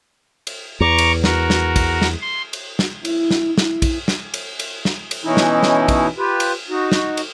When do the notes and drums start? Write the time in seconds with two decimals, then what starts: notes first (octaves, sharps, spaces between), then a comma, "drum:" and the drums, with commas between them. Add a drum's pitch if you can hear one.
0.47 drum: cymbal
0.80 E2 A#5 C#6 D6
0.98 drum: cymbal
1.24 F#4 A#4, drum: snare
1.50 drum: snare
1.76 drum: kick, cymbal
2.02 drum: snare
2.21 C6
2.53 drum: cymbal
2.79 drum: snare
3.05 E4, drum: cymbal
3.31 drum: snare
3.58 E4, drum: snare
3.82 drum: kick, cymbal
4.08 drum: snare
4.34 drum: cymbal
4.59 drum: cymbal
4.85 drum: snare
5.11 drum: cymbal
5.24 B2 E3 C#4 D#4 E4
5.37 drum: snare
5.63 drum: snare
5.88 drum: kick, cymbal
6.18 F4 G4 B4
6.40 drum: cymbal
6.69 D#4 F#4
6.92 drum: snare
7.17 drum: cymbal